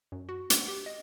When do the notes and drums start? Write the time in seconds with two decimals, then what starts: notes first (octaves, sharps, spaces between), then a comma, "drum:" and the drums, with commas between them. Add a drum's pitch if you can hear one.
0.12 F#2
0.29 F#4
0.50 F#5, drum: hi-hat
0.68 G4
0.86 D#5